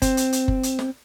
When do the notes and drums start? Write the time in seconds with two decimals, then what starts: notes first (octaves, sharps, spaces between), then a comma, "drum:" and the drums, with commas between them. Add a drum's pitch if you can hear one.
0.02 C4, drum: kick F#1, hi-hat
0.17 drum: hi-hat
0.33 drum: hi-hat
0.48 drum: kick F#1
0.63 drum: hi-hat
0.79 drum: snare